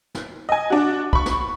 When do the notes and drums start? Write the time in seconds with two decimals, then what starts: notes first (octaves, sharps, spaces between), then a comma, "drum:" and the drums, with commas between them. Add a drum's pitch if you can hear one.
0.15 drum: snare
0.49 D#5 G#5
0.70 D4 F#4
1.13 B5 C#6, drum: kick
1.26 drum: snare